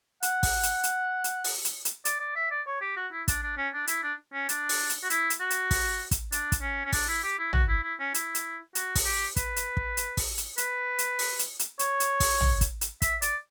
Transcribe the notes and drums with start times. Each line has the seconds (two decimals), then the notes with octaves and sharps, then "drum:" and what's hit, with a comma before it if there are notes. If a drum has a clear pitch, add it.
0.23 F#5, drum: hi-hat
0.43 drum: kick, open hi-hat
0.63 drum: hi-hat
0.83 drum: hi-hat
1.24 drum: hi-hat
1.44 drum: open hi-hat
1.65 drum: hi-hat
1.85 drum: hi-hat
2.05 D5, drum: hi-hat
2.20 D5
2.35 E5
2.51 D5
2.67 C#5
2.81 G4
2.96 F#4
3.12 E4
3.28 D4, drum: kick, hi-hat
3.43 D4
3.57 C#4
3.73 D4
3.87 E4, drum: hi-hat
4.03 D4
4.33 C#4
4.49 D4, drum: hi-hat
4.69 drum: open hi-hat
4.90 drum: hi-hat
5.03 F#4
5.10 E4, drum: hi-hat
5.30 drum: hi-hat
5.40 F#4
5.50 drum: hi-hat
5.71 drum: kick, open hi-hat
6.11 drum: kick, hi-hat
6.32 D4, drum: hi-hat
6.52 drum: kick, hi-hat
6.62 C#4
6.85 C#4
6.93 D4, drum: kick, open hi-hat
7.08 E4
7.24 G4
7.39 E4
7.53 F#4, drum: tom
7.68 E4
7.83 E4
7.99 C#4
8.14 E4, drum: hi-hat
8.35 drum: hi-hat
8.75 F#4, drum: hi-hat
8.96 drum: kick, open hi-hat
9.05 G4
9.36 B4, drum: kick, hi-hat
9.56 drum: hi-hat
9.77 drum: kick
9.97 drum: hi-hat
10.17 drum: kick, open hi-hat
10.38 drum: hi-hat
10.58 B4, drum: hi-hat
10.99 drum: hi-hat
11.19 drum: open hi-hat
11.39 drum: hi-hat
11.59 drum: hi-hat
11.79 C#5, drum: hi-hat
12.00 drum: hi-hat
12.20 drum: kick, open hi-hat
12.41 drum: tom
12.61 drum: kick, hi-hat
12.81 drum: hi-hat
13.02 E5, drum: kick, hi-hat
13.22 D5, drum: hi-hat